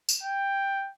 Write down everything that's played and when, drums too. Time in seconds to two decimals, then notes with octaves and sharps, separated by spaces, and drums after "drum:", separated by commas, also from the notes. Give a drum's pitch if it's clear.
0.09 drum: tambourine
0.23 G5